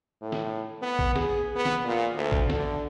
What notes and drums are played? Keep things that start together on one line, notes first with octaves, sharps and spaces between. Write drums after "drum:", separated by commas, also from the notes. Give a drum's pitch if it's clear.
A2
drum: snare
B3
drum: kick A1
G#4, drum: snare
B3
drum: snare
A#2
D2
drum: kick A1
D3, drum: snare